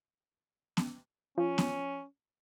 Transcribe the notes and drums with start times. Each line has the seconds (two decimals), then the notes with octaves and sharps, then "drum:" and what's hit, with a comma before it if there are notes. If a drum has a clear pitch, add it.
0.77 drum: snare B3
1.38 F3 C#4
1.58 drum: snare B3